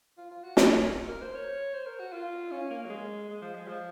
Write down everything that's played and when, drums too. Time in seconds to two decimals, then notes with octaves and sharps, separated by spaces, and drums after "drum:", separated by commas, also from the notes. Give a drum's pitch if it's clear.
0.18 F4
0.31 F4
0.44 F#4
0.57 A#4, drum: snare
0.69 C#5
1.09 A#4
1.22 C5
1.35 C#5
1.74 C5
1.86 A#4
2.00 F#4
2.12 F4
2.51 C#4
2.70 A#3
2.85 F#3
2.90 G#3
3.29 G#3
3.42 F3
3.55 G#3
3.68 F3